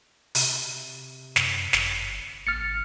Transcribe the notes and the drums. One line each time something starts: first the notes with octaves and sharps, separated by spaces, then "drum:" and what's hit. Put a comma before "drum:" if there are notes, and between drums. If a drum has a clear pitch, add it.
C3, drum: open hi-hat
F#2, drum: snare
G1, drum: snare
A1 F6 A6 C#7